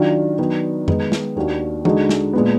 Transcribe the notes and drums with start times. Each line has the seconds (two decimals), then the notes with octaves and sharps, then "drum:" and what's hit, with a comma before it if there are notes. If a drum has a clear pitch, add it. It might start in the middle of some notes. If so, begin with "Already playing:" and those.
Already playing: D#3 F#3 D4 F4
0.39 D#3 F#3 B3 D4
0.88 D#3 G#3 B3 D#4, drum: tom F2
1.12 drum: snare
1.36 D#2 D#3 A#3 D4 F#4
1.85 D3 G#3 D#4 F#4, drum: tom
2.09 drum: snare
2.33 A#2 G#3 B3